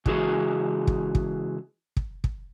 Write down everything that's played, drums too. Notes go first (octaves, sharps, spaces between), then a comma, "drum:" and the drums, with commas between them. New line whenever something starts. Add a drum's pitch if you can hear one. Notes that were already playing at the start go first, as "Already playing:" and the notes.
C#3 E3 G#3 F#4 G#4, drum: kick
drum: kick
drum: kick
drum: kick
drum: kick